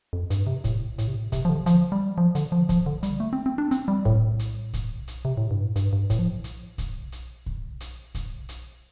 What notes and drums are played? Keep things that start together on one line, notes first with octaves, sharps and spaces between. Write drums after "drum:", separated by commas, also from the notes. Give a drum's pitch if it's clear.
F2
G2, drum: hi-hat
C3
A2, drum: kick, hi-hat
A2, drum: hi-hat
C3
A2
C3, drum: kick, hi-hat
F3
D3
F3, drum: hi-hat
G3
F3
D3, drum: hi-hat
F3
F3, drum: kick, hi-hat
D3
G3, drum: hi-hat
A3
C4
C4
D4
C4, drum: hi-hat
G3
A2, drum: kick
drum: hi-hat
drum: kick, hi-hat
drum: hi-hat
C3
A2
G2
A2
G2, drum: hi-hat
G2
A2, drum: kick, hi-hat
F3
drum: hi-hat
drum: kick, hi-hat
drum: hi-hat
drum: kick
drum: hi-hat
drum: kick, hi-hat
drum: hi-hat